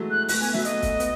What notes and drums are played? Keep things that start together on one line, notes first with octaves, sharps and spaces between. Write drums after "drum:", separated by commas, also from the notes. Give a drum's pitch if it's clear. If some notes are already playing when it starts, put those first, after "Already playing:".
Already playing: E3 F#3 G#3 A3
F#6
A3 F#6, drum: open hi-hat
B3 G#5
F#3 A3 E5
D#5, drum: hi-hat
drum: kick, hi-hat
B3, drum: hi-hat